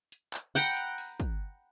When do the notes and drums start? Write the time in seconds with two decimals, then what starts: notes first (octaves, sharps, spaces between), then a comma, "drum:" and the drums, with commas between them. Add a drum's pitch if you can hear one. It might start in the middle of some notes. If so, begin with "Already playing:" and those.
0.12 drum: hi-hat
0.34 drum: clap
0.55 F#5 G5 A#5 B5, drum: hi-hat
0.77 drum: hi-hat
0.98 drum: open hi-hat
1.20 drum: kick, hi-hat